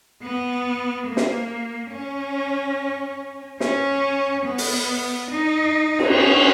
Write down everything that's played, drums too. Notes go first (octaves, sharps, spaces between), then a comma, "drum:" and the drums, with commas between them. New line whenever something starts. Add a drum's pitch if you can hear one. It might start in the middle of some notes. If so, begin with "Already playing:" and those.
B3
A#3
drum: snare
C#4
C#4, drum: snare
B3
drum: open hi-hat
D#4
drum: cymbal
C#4